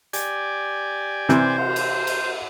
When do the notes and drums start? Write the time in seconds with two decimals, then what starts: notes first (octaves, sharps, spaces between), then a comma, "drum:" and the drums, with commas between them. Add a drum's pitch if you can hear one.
0.13 G4 D5 G#5, drum: hi-hat
1.29 C3 E3 C5, drum: snare
1.58 drum: cymbal
1.76 drum: cymbal
2.07 drum: cymbal